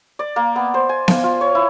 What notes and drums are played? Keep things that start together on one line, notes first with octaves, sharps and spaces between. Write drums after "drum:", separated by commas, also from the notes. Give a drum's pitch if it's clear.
D5
A#3
B3
C5
G#5
F5, drum: snare B3
F4
C#5
E4